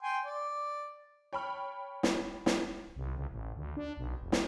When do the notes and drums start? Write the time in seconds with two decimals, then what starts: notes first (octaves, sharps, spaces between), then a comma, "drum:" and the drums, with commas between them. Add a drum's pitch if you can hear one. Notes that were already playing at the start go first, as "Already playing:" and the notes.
0.03 G5 G#5 C6
0.25 D5
1.33 C#5 G5 A5 B5 C#6 F6
2.03 drum: snare
2.46 drum: snare
2.96 C2
3.17 C#2
3.32 A1
3.56 D2
3.77 D4
3.98 B1
4.21 F1
4.32 drum: snare